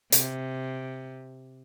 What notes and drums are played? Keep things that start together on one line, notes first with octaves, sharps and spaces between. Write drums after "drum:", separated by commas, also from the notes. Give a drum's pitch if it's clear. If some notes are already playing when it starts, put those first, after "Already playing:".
C3, drum: hi-hat